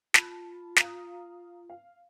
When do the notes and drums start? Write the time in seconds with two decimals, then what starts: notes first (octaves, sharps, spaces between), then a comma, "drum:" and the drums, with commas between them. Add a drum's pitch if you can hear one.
0.14 F4 A5 B5, drum: snare
0.77 F5 A#5 D#6, drum: snare
1.70 F5